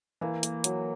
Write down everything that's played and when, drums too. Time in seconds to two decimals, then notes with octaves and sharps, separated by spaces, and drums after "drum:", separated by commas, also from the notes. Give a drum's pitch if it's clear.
0.21 E3 A#3
0.43 A#3, drum: hi-hat
0.64 F#3, drum: hi-hat